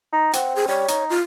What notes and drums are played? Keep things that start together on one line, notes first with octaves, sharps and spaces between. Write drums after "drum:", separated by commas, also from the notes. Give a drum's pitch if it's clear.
D#4
C4 F#5, drum: hi-hat
G#4
G3 C#5
D#4, drum: hi-hat
F4